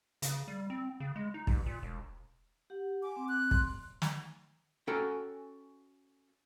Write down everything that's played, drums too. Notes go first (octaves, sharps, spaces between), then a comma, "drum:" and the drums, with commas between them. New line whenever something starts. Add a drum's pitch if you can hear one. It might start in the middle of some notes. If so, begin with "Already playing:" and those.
C#3, drum: hi-hat
G3
C4
C#3
G#3
D#4
A1, drum: kick
A#2
E1
G4 F#5
F#5 G#5 D6
C4
F#6
C6, drum: kick
drum: snare
C#4 F#4 A4 G5 G#5 A#5